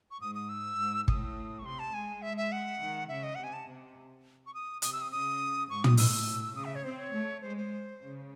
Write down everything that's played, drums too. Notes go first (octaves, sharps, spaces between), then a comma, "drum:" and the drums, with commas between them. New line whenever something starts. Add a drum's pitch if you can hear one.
C#6
G#2 D#6
D#6
E6
G#2
A2 D#6, drum: kick
C#6
C3 C6
A5
G#3 G#5
E5
E5
F#5
D#3
C#3 E5
D#5
C3 F#5
G#5
A5
C3
C#6
D#6
C3 D#6, drum: hi-hat
E6
D#6
C#3 D#6
G#2 C#6
D#6, drum: tom
A2 E6, drum: open hi-hat
C#3 D#6
E5
C#5
C4 C5
C#5
A3
G#3 C5
C5
C#3